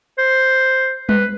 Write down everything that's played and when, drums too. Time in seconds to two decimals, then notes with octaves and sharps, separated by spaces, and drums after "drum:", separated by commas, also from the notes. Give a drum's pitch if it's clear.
0.18 C5
1.09 B4, drum: tom G3